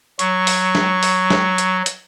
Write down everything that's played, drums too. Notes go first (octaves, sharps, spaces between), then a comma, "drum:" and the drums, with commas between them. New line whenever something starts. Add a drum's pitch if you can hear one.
F#3 C#6, drum: hi-hat
drum: open hi-hat
drum: snare
drum: open hi-hat
drum: snare
drum: hi-hat
drum: hi-hat